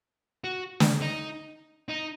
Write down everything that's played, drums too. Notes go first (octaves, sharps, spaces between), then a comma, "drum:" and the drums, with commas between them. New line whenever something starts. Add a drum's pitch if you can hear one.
F#4
drum: snare
D#4
D#4